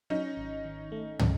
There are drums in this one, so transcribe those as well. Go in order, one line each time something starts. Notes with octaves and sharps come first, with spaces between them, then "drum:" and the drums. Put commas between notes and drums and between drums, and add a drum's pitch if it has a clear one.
F#3 C#4 D#4
G#1
D#3
A3
C#3, drum: tom